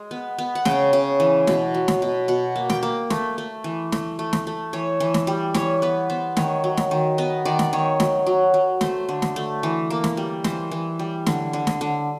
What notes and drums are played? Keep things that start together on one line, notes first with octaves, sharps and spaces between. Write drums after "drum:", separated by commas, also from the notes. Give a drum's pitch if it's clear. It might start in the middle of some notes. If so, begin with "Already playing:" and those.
Already playing: G#3
B3
B3
F#5
C#3 G5, drum: snare
C#3
E3
B2, drum: snare
F#3
drum: snare
B2
B2 F#5
A#3
G5, drum: snare
A#3
A3, drum: snare
A3
E3
A3, drum: snare
A3
drum: snare
A3
E3 C#5
E3
drum: snare
G3
E3 C#5, drum: snare
B3 B4
B3 C5
D#3 C#5, drum: snare
F#3
drum: snare
D#3
B3 D#5
D#3 D5
drum: snare
D#3 C#5
F#3, drum: snare
F#3
F#3
A3 C5, drum: snare
D3
drum: snare
A3
E3
A#3
drum: snare
G3
E3 C5, drum: snare
E3
G3
D3, drum: snare
D3
drum: snare
D3